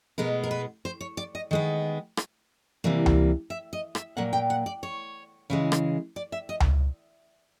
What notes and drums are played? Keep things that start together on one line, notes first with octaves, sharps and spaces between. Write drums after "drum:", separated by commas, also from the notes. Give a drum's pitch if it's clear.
B2 G#3 B3 A#4
A#4
B4
C5
C#5
D5
D#5
D#3 G#3 B3
drum: rim click
C3 E3 G3 A#3
drum: tom C#2
E5
D#5
E5, drum: rim click
A#2 F#3 A#3 F#5
G5
F#5
D5
C#5
C#3 E3 G#3
drum: rim click
D5
E5
D#5
drum: tom C#2